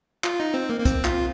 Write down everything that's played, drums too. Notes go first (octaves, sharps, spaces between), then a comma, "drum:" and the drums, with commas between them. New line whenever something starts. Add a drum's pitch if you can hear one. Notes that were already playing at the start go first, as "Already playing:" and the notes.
F4, drum: clap
D#4
C4
A#3
A#3
C4, drum: kick, hi-hat
F4, drum: clap